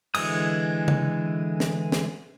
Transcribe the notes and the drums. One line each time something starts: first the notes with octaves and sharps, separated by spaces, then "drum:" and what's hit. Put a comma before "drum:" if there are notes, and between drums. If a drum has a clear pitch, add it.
D3 E3 G#3 D#6, drum: cymbal
drum: tom C#3
drum: snare
drum: snare